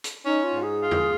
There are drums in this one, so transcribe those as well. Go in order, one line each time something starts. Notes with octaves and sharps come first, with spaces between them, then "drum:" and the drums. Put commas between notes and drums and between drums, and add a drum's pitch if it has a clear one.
drum: hi-hat
C#4 D#4
F4
G#2
G#4
F4
drum: tom E2